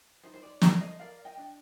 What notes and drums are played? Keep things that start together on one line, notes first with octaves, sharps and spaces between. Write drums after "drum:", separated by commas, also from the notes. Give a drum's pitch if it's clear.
D#4 C5
C5
D5
A4 D5, drum: snare
C5 D#5
A#4 D5 F5
D#5 G5
D4